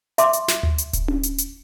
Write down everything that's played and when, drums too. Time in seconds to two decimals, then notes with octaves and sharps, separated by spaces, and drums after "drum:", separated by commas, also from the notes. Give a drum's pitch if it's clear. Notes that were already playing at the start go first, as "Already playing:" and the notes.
0.18 E5 C6 D6, drum: hi-hat
0.33 drum: hi-hat
0.48 drum: snare
0.63 drum: tom D2
0.78 drum: hi-hat
0.93 drum: kick D1, hi-hat
1.08 drum: tom C#4
1.23 drum: hi-hat
1.38 drum: hi-hat